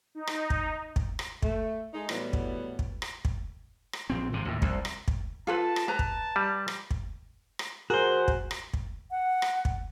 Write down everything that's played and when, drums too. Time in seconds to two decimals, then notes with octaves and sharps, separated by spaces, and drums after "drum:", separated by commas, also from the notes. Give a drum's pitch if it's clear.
0.15 D#4
0.27 drum: rim click
0.50 drum: kick
0.96 drum: kick
1.19 drum: rim click
1.42 A3, drum: kick
1.94 G#3 A3 D#4
2.09 A2 E3 F#3 G3 B3, drum: rim click
2.33 drum: kick
2.79 drum: kick
3.02 drum: rim click
3.25 drum: kick
3.93 drum: rim click
4.10 A#1 C4
4.33 G#1 C3
4.45 D#2 A2
4.62 C2, drum: kick
4.85 drum: rim click
5.08 drum: kick
5.47 F4 A4 B4 A5
5.76 drum: rim click
5.88 B4 A#5
5.99 drum: kick
6.36 G3
6.68 drum: rim click
6.91 drum: kick
7.59 drum: rim click
7.90 F#4 G#4 A#4 C5
8.28 drum: kick
8.51 drum: rim click
8.74 drum: kick
9.11 F#5
9.42 drum: rim click
9.65 drum: kick